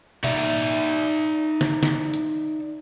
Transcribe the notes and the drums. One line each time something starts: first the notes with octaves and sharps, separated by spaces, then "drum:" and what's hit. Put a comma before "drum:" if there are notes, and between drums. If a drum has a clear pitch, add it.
D#4 D5 E5, drum: tom B2
drum: snare
drum: snare
drum: hi-hat